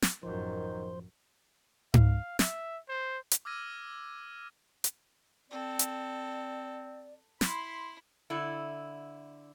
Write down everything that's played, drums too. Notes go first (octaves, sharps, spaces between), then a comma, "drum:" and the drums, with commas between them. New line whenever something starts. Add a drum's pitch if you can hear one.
drum: snare
A1 F#2 D#3 F3 C5
F5, drum: tom G#2
E5, drum: snare
C5
drum: hi-hat
D6 E6 F6 G#6 A#6 D#7
drum: hi-hat
C4 A4 D5
drum: hi-hat
E4 B5 C6, drum: snare
D3 E4